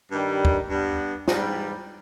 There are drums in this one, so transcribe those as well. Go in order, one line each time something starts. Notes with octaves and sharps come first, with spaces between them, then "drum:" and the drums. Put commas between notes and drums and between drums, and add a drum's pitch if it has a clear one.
G2 D#3 G3
drum: kick
G2 G3 B3
G#2 E3 G3, drum: snare